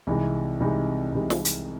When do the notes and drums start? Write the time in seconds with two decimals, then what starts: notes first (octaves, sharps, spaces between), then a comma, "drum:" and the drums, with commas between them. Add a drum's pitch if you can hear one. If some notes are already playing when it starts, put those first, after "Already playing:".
0.07 C2 C3 E3 G#3 D#4
0.60 C2 C3 E3 G#3 D#4
1.12 C2 C3 E3 G#3 D#4
1.30 drum: snare
1.45 drum: hi-hat